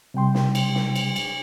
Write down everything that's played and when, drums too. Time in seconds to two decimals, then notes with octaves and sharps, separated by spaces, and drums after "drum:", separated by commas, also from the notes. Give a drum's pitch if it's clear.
0.14 C3 G3 G5 C6
0.35 drum: snare
0.55 drum: cymbal
0.75 drum: snare
0.96 drum: cymbal
1.16 drum: cymbal